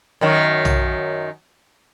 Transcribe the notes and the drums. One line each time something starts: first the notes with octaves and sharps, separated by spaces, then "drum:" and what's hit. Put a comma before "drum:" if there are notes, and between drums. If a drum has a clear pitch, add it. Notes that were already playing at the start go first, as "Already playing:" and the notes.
F#2 D#3 F#3
drum: tom